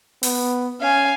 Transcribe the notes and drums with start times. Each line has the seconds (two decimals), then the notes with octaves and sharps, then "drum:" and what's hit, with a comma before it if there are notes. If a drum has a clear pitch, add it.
0.23 B3, drum: open hi-hat
0.81 C#4 F5 G#5